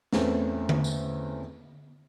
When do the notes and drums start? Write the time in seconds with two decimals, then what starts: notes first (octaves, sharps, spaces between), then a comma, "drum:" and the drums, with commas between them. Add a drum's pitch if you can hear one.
0.13 E2 A3 C4 C#4, drum: snare
0.69 drum: tom D3
0.84 drum: tambourine